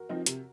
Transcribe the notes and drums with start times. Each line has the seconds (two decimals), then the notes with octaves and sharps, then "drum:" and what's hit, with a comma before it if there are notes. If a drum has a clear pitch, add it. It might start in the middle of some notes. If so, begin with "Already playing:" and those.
Already playing: F#4 A#4
0.09 F3 C4 D#4
0.26 C3, drum: hi-hat